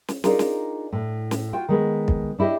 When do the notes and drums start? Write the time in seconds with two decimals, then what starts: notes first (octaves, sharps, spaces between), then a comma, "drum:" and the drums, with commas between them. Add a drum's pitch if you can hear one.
0.08 drum: snare
0.24 D4 D#4 F4 G#4 A#4, drum: snare
0.39 drum: snare
0.92 A2
1.31 drum: snare
1.53 F4 F#4 G5
1.69 D#3 G#3 B3
2.08 drum: kick
2.38 D4 E4 G4 D#5